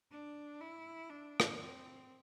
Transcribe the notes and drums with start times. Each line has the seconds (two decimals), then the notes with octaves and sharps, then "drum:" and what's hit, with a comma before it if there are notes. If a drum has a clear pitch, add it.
0.11 D4
0.61 E4
1.10 D4
1.40 drum: rim click
1.58 C4